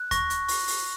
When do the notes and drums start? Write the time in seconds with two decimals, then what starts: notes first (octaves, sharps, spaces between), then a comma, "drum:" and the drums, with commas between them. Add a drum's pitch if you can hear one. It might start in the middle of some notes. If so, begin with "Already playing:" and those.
Already playing: F#6
0.11 C#6 A#6, drum: kick D#2, hi-hat
0.30 drum: hi-hat
0.48 C#6, drum: open hi-hat
0.68 drum: open hi-hat